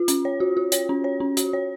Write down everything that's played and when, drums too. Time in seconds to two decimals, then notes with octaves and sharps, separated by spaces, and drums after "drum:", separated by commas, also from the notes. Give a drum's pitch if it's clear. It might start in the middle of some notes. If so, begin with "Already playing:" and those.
Already playing: F4
0.08 C#4, drum: hi-hat
0.25 C#5
0.40 F#4
0.57 F#4
0.72 C#5, drum: hi-hat
0.89 C#4
1.04 C#5
1.20 C#4
1.37 F#4, drum: hi-hat
1.53 C#5